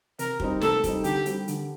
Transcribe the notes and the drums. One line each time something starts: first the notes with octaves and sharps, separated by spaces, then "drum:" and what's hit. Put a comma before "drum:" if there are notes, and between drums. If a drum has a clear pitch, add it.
C3 A#4, drum: hi-hat
G3 C4 D#4, drum: kick
C3 A4, drum: snare
G3 C4 D#4, drum: kick, hi-hat
D3 G4, drum: hi-hat
G3 C4, drum: hi-hat
D3, drum: hi-hat